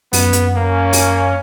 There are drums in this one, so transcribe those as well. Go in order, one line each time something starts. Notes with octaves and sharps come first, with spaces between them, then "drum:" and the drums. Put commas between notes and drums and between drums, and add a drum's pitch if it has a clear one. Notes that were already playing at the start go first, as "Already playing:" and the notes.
F#2 B3, drum: open hi-hat
drum: hi-hat
A#3 C#4
drum: open hi-hat